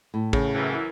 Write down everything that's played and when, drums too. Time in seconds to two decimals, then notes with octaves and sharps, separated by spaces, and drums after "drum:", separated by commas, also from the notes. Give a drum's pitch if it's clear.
0.14 A2
0.33 C#3, drum: kick
0.55 F#2 E3